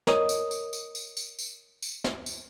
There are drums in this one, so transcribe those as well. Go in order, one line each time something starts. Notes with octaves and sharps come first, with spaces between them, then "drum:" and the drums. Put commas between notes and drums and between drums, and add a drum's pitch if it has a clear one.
A#4 C#5 D#5 D#6, drum: snare
drum: tambourine
drum: tambourine
drum: tambourine
drum: tambourine
drum: tambourine
drum: tambourine
drum: tambourine
drum: snare
drum: tambourine